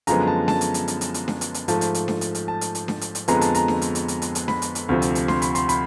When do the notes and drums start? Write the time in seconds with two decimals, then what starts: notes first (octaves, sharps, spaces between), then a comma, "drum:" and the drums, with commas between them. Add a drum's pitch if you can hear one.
0.07 F#2 D3 F3 G#3 B3 A#5, drum: hi-hat
0.27 A5
0.48 A5, drum: snare D4
0.61 drum: hi-hat
0.74 drum: hi-hat
0.88 drum: hi-hat
1.01 drum: hi-hat
1.14 drum: hi-hat
1.28 drum: snare D4
1.41 drum: hi-hat
1.54 drum: hi-hat
1.68 G#2 F3 A3 A5, drum: hi-hat
1.81 drum: hi-hat
1.95 drum: hi-hat
2.08 drum: snare D4
2.21 drum: hi-hat
2.35 drum: hi-hat
2.48 A5
2.61 drum: hi-hat
2.75 drum: hi-hat
2.88 drum: snare D4
3.01 drum: hi-hat
3.15 drum: hi-hat
3.28 F2 D3 F3 G#3 B3 A#5, drum: hi-hat
3.41 A5, drum: hi-hat
3.55 A#5, drum: hi-hat
3.68 drum: snare D4
3.82 drum: hi-hat
3.95 drum: hi-hat
4.08 drum: hi-hat
4.22 drum: hi-hat
4.35 drum: hi-hat
4.48 B5, drum: snare D4
4.62 drum: hi-hat
4.75 drum: hi-hat
4.89 D2 C3 F3
5.02 drum: hi-hat
5.15 drum: hi-hat
5.28 C6, drum: snare D4
5.42 B5, drum: hi-hat
5.55 C6, drum: hi-hat
5.69 B5, drum: hi-hat